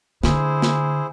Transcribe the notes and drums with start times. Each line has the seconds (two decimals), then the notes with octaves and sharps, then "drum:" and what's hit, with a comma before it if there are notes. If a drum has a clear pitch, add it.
0.23 D3 E4 G#4 C5, drum: snare
0.62 drum: snare